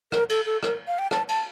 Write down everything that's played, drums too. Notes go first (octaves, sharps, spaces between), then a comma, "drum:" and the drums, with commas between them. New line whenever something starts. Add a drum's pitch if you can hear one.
A#4, drum: rim click
A4, drum: cymbal
A4
A#4, drum: rim click
F5
G5
A5, drum: rim click
A5, drum: cymbal